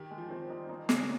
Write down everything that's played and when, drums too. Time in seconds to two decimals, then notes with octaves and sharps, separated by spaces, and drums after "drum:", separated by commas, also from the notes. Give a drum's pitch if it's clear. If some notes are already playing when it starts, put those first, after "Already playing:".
Already playing: D#3 G4
0.11 G#3
0.18 F3
0.28 D#3
0.30 C4
0.36 F3
0.44 G3
0.50 D#4
0.69 A#3 D#4
0.89 C#3, drum: snare